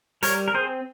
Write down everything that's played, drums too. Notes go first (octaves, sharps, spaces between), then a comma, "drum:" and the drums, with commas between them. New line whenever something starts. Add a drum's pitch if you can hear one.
G3 A#4 C#5, drum: hi-hat
A#4
C4 G#4 C5